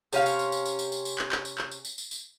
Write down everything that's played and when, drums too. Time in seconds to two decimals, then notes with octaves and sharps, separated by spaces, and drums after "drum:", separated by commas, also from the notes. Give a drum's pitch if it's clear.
0.13 C3 C#4 E4 F5, drum: tambourine
0.26 drum: tambourine
0.39 drum: tambourine
0.52 drum: tambourine
0.66 drum: tambourine
0.79 drum: tambourine
0.92 drum: tambourine
1.05 drum: tambourine
1.18 drum: clap
1.32 drum: clap
1.45 drum: tambourine
1.58 drum: clap
1.71 drum: tambourine
1.85 drum: tambourine
1.98 drum: tambourine
2.11 drum: tambourine